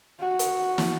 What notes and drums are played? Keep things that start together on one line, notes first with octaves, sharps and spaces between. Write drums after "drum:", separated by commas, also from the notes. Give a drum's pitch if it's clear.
F#4
drum: hi-hat
drum: snare